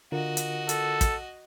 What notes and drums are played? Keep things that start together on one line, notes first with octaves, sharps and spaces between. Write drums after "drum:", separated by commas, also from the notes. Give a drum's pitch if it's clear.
D3 F4 F#4 A#4 D#5
drum: hi-hat
A4, drum: hi-hat
drum: kick, hi-hat